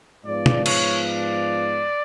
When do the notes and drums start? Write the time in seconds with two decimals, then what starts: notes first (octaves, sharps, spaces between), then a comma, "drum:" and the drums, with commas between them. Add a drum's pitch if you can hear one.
0.25 G#2 F3 B3 D5
0.46 drum: tom B2
0.66 C#5, drum: cymbal
1.07 D5